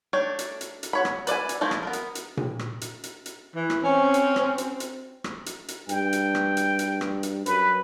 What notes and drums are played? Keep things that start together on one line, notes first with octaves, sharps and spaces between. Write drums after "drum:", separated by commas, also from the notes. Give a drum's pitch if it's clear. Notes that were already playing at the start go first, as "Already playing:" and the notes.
A3 D4 C#5 G5
drum: hi-hat
drum: hi-hat
drum: hi-hat
F#4 C#5 B5
drum: rim click
B4 D5 E5 G#5, drum: hi-hat
drum: hi-hat
F3 A3 C4 E4
drum: rim click
B3 A#4
drum: hi-hat
drum: hi-hat
drum: tom A#2
drum: rim click
drum: hi-hat
drum: hi-hat
drum: hi-hat
E3
drum: rim click
C4 C#4
drum: hi-hat
drum: rim click
drum: hi-hat
drum: hi-hat
drum: rim click
drum: hi-hat
drum: hi-hat
G2 G5, drum: hi-hat
drum: hi-hat
drum: rim click
drum: hi-hat
drum: hi-hat
drum: rim click
drum: hi-hat
F#2 B4, drum: hi-hat